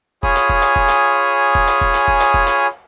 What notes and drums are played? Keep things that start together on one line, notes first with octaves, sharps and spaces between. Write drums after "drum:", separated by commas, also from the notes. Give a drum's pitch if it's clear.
F4 G#4 C#5 G#5 B5 D#6, drum: kick F1
drum: clap
drum: kick F1
drum: clap
drum: kick F1
drum: clap
drum: kick F1
drum: clap
drum: kick F1
drum: clap
drum: kick F1
drum: clap
drum: kick F1
drum: clap